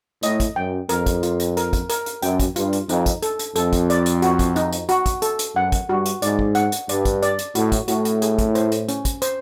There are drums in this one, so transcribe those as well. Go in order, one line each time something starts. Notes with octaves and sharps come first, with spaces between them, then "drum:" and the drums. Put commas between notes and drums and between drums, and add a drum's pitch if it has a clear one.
A2 D#5, drum: hi-hat
drum: kick, hi-hat
F#2 G5
F2 A#4, drum: hi-hat
drum: kick, hi-hat
F4, drum: hi-hat
drum: hi-hat
A#4, drum: hi-hat
drum: kick, hi-hat
A#4, drum: hi-hat
drum: hi-hat
F#2 G5, drum: hi-hat
drum: kick, hi-hat
G2 F4, drum: hi-hat
drum: hi-hat
F2 D#4, drum: hi-hat
drum: kick, hi-hat
A4, drum: hi-hat
drum: hi-hat
F2 A4, drum: hi-hat
drum: kick, hi-hat
D5, drum: hi-hat
drum: hi-hat
F#4, drum: hi-hat
drum: kick, hi-hat
D#4, drum: hi-hat
drum: hi-hat
F#4, drum: hi-hat
drum: kick, hi-hat
A4, drum: hi-hat
drum: hi-hat
F#2 F#5
drum: kick, hi-hat
G2 F#4
drum: hi-hat
G#2 D5, drum: hi-hat
drum: kick
F#5, drum: hi-hat
drum: hi-hat
G2 D5, drum: hi-hat
drum: kick, hi-hat
D5, drum: hi-hat
drum: hi-hat
A2 F#4, drum: hi-hat
drum: kick, hi-hat
A2 F#4, drum: hi-hat
drum: hi-hat
G#4, drum: hi-hat
drum: kick, hi-hat
C5, drum: hi-hat
drum: hi-hat
C#4, drum: hi-hat
drum: kick, hi-hat
C5, drum: hi-hat